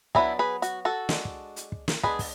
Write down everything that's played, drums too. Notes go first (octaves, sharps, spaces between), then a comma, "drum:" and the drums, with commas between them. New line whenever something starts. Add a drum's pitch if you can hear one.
F#3 B3 D4 E4 G#4, drum: kick
G#4 B4
F#4, drum: hi-hat
F#4 A4
G#3 D4, drum: snare
drum: kick
drum: hi-hat
drum: kick
drum: snare
G#3 B3 D4 G#4 B4, drum: kick
drum: kick, open hi-hat